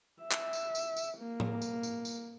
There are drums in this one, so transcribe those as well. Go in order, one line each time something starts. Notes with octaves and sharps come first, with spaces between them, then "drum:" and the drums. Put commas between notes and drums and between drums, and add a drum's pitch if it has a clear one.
E5
drum: clap
drum: tambourine
drum: tambourine
drum: tambourine
A#3
drum: tom A2
drum: tambourine
drum: tambourine
drum: tambourine